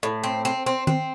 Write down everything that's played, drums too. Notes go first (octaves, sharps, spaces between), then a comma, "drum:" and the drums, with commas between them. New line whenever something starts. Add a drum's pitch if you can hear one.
A2
C4
C4
C4
C4, drum: tom